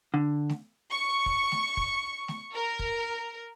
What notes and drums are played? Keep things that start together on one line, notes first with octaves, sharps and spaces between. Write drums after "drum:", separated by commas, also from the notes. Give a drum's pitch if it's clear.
D3
drum: snare A3
C#6
drum: kick
drum: snare A3
drum: kick
drum: snare A3
A#4
drum: kick